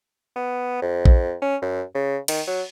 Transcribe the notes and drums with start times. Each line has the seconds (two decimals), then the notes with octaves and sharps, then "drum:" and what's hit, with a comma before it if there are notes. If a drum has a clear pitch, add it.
0.36 B3
0.82 F2
1.05 drum: kick A#1
1.42 C#4
1.62 F#2
1.95 C#3
2.28 D#3, drum: cymbal
2.47 F#3